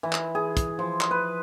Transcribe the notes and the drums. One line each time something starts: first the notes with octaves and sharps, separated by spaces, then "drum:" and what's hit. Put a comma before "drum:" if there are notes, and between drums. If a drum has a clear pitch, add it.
E3
drum: clap
G#4
drum: kick, hi-hat
F3
drum: clap
B4